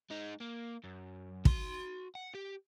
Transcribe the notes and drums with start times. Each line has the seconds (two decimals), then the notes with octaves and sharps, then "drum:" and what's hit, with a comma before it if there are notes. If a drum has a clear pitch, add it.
0.10 G#3 D#4
0.41 A#3
0.84 F#2
1.45 F#4 C6, drum: kick
2.15 F#5
2.35 G4